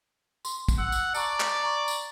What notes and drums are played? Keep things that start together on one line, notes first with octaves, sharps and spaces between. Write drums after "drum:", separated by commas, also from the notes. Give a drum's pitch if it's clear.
C6, drum: tambourine
drum: kick, tambourine
F#5 E6
drum: tambourine
D5 A5 A#5 C#6, drum: tambourine
drum: clap
A#5 C#6
drum: tambourine